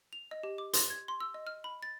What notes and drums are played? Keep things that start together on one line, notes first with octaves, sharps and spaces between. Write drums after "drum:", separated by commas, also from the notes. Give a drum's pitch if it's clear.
F7
D#5
G4
D6
C6, drum: hi-hat
G#6
C6
E6
D#5
F6
B5
A6